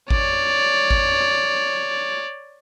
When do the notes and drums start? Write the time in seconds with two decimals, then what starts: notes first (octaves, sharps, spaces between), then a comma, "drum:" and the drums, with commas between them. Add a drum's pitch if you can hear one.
0.10 C#5 D5, drum: kick G#1
0.90 drum: kick G#1